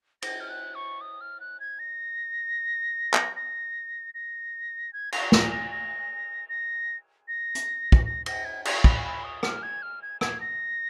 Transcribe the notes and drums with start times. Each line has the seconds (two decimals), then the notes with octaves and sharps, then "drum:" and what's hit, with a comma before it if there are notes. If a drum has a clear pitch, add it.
0.22 A#6, drum: cymbal
0.40 F6
0.49 F#6
0.75 C#6
1.01 D#6
1.21 F6
1.40 F#6
1.60 G#6
1.79 A#6
3.14 drum: clap
3.36 A#6
4.14 A#6
4.93 G#6
5.12 A#6, drum: cymbal
5.32 A#6, drum: snare
5.52 A#6
5.71 A#6
6.49 A#6
7.28 A#6
7.55 drum: hi-hat
7.92 drum: kick
8.06 A#6
8.26 A#6, drum: cymbal
8.45 G#6
8.65 G#6, drum: cymbal
8.84 B5, drum: kick
9.04 B5
9.24 D#6
9.43 F6, drum: rim click
9.63 G#6
9.82 F6
10.02 G#6
10.21 G#6, drum: rim click
10.41 A#6